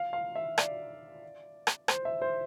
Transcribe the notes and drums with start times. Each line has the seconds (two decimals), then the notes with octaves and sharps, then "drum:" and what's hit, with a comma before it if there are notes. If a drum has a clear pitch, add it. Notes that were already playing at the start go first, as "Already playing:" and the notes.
Already playing: F5
0.13 F5
0.35 E5
0.58 D5, drum: rim click
1.67 drum: rim click
1.88 C5, drum: rim click
2.05 E5
2.22 C5